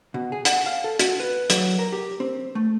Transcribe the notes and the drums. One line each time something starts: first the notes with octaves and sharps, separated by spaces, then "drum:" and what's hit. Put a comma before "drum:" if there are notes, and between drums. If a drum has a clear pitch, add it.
B2
G#4
F#5, drum: hi-hat
F5
A4
F#4, drum: hi-hat
B4
F#3, drum: hi-hat
A#4
G4
C4
A3